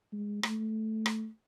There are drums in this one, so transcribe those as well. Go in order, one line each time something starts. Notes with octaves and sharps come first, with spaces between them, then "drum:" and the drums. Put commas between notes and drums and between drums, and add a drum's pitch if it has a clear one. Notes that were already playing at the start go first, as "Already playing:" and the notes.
G#3
A3, drum: rim click
drum: rim click